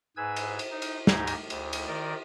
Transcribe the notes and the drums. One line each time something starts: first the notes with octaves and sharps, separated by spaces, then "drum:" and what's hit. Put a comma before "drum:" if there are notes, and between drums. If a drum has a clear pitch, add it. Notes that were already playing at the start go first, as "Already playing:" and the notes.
G#2 G#4 B4 G#5 E6 G#6
drum: cymbal
drum: cymbal
D#4
drum: cymbal
D2 G#2 D#4 G4 A#5 G#6, drum: snare
drum: cymbal
D2, drum: cymbal
drum: cymbal
D#3 A#4 D5